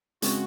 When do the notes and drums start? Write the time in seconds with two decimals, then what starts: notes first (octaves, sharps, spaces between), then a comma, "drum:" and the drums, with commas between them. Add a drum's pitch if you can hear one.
0.22 C#3 G#3 C4 F#4, drum: hi-hat